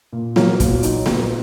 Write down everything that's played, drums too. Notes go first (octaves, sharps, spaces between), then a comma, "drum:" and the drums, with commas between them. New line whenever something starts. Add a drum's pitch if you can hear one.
A#2
F#3 A#3, drum: snare B3
A#2, drum: kick, hi-hat
D#4, drum: hi-hat
A#2, drum: snare B3